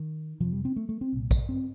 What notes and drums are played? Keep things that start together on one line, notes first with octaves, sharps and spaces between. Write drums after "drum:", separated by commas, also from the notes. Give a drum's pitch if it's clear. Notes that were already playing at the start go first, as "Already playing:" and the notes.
Already playing: D#3
F2 C3 F3
G3
C4
A3
A3
C4
C2 A#2
drum: kick A#1, tambourine
C4